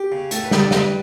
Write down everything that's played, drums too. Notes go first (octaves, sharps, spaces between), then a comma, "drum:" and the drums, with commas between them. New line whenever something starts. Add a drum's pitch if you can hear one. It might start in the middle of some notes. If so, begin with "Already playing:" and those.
Already playing: G4
C#3
A2 A4, drum: hi-hat
B4
G3, drum: snare
A4
G3 B4, drum: snare